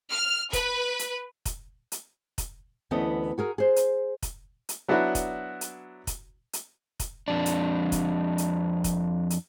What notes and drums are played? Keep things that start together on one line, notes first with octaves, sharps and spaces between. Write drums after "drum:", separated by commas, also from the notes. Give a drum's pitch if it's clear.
F6
B4, drum: kick, hi-hat
drum: hi-hat
drum: kick, hi-hat
drum: hi-hat
drum: kick, hi-hat
D2 E3 B3 C#4 A4 D#5
F#4 G#4 A#4
G#4 C5
drum: hi-hat
drum: kick, hi-hat
drum: hi-hat
F#3 B3 D4 E4 F#4
drum: kick, hi-hat
drum: hi-hat
drum: kick, hi-hat
drum: hi-hat
drum: kick, hi-hat
F2 D4
drum: hi-hat
drum: kick, hi-hat
drum: hi-hat
drum: kick, hi-hat
drum: hi-hat